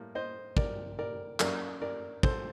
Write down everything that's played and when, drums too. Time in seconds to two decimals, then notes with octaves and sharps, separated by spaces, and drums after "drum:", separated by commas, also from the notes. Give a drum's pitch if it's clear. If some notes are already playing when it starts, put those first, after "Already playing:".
Already playing: A2 G3 A#3
0.15 C5 D#5
0.57 A#4 D5, drum: kick
0.99 A#4 D5
1.40 F#2 F#3 A#3 A#4 D5, drum: clap
1.82 A#4 D5
2.23 A4 C5, drum: kick